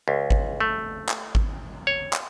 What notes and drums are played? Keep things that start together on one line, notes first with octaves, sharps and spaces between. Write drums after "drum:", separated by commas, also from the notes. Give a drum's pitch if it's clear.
C#2
drum: kick G#1
A3
drum: clap
drum: kick G#1
C#5
drum: clap